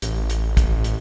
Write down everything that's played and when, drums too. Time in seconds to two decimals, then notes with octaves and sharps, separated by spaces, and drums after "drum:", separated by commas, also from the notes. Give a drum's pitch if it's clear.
0.02 A1, drum: hi-hat
0.30 drum: hi-hat
0.57 drum: kick, hi-hat
0.84 drum: hi-hat